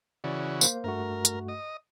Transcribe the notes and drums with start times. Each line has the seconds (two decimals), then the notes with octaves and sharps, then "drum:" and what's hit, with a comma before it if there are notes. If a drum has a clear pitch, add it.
0.24 C#3 E3 F#4 D5
0.61 A#3 C5, drum: tambourine
0.84 G2 A3 F#4 A#4
1.25 drum: hi-hat
1.48 D#5